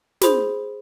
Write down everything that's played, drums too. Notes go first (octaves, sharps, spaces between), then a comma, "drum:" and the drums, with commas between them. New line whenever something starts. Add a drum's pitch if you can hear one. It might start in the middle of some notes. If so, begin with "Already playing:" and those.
G#4 C5 B5 C6, drum: snare